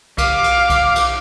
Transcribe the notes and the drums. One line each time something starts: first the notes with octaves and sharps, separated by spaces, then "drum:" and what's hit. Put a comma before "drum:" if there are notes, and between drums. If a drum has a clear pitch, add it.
F5 D6, drum: kick B1, cymbal
drum: cymbal
drum: kick B1, cymbal
drum: cymbal